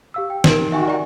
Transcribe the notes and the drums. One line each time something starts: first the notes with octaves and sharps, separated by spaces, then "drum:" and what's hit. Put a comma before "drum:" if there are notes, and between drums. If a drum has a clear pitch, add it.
G4 F5 E6
G5
D#4 G4 A#4 D7, drum: snare
D#3 F#4 E5 G#5
D5 G5